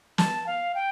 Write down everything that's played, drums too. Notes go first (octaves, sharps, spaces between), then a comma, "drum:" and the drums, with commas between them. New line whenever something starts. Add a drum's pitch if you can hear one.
A5, drum: snare
F5
G5